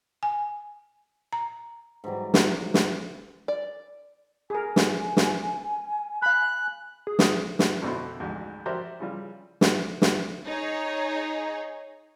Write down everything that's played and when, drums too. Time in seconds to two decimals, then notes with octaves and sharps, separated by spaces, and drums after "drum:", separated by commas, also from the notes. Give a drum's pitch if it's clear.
0.23 G#5
1.33 A#5
2.04 G#2 E3 F#3 G3
2.34 drum: snare
2.74 drum: snare
3.48 D5
4.50 G#4 A#4 G#5
4.76 drum: snare
5.17 drum: snare
6.22 F5 B5 F#6
7.07 G#4
7.19 drum: snare
7.59 drum: snare
7.82 F2 B2 D3 C4 E4 C6
8.20 A1 D2 G#2
8.66 F#4 G4 A#4 C5 D5 E5
9.00 C#3 E3 G3 F4
9.61 drum: snare
10.02 drum: snare
10.46 D#4 G#4 C#5